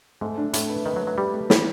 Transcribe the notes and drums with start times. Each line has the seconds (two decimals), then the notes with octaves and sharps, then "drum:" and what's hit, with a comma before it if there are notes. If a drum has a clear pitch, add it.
0.21 G#2 A3
0.38 D4
0.53 A2 A3, drum: hi-hat
0.69 B4
0.86 D#3 B4
0.96 F#3
1.02 B4
1.07 F#3
1.18 G3 G4
1.34 A3
1.50 E3 G3, drum: snare